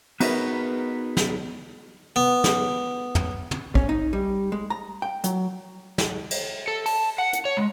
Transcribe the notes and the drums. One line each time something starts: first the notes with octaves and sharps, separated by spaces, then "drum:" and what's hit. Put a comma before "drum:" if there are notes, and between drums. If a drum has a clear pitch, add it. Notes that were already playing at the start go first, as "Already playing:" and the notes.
B3 D#4 F#4 G#4 A#4 B4, drum: cymbal
drum: snare
B3
drum: snare
drum: tom
drum: tom
C#4, drum: kick
D#4
G3
G#3
A#5
G5
F#3, drum: hi-hat
drum: snare
drum: cymbal
A4
A5, drum: open hi-hat
F#5
drum: hi-hat
C#5
G#3